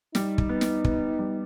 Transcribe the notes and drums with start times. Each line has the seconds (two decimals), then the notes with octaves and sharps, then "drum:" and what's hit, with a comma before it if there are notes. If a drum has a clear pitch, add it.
0.15 G3 D#4, drum: snare
0.38 drum: kick
0.49 B3
0.61 drum: snare
0.85 B3, drum: kick
1.19 G3